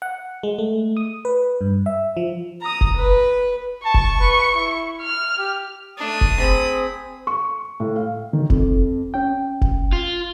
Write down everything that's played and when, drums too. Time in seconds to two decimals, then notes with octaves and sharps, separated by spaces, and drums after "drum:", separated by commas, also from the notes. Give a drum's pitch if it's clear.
0.02 F#5
0.43 G#3
0.59 A3
0.97 D#6
1.25 B4
1.61 G2
1.86 E5
2.17 F3
2.61 A#5 D#6
2.81 drum: kick F1
2.96 B4
3.85 A5 C#6
3.94 drum: kick F1
4.20 B4
4.55 E4
5.02 F6
5.39 G4
5.98 A3 D4 D#6
6.21 drum: kick F1
6.40 C4 G#4 B5
7.27 C#6
7.80 A2
7.96 F5
8.33 D#3
8.50 F2, drum: kick F1
9.14 C#4 G5
9.61 drum: kick F1
9.93 F4